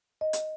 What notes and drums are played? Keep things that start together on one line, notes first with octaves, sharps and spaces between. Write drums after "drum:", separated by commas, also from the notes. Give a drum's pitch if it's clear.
D#5
drum: hi-hat